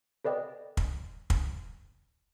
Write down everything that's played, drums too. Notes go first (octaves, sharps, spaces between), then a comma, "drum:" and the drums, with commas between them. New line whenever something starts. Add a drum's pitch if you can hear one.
A4 B4 D5 D#5 G5
drum: kick
drum: kick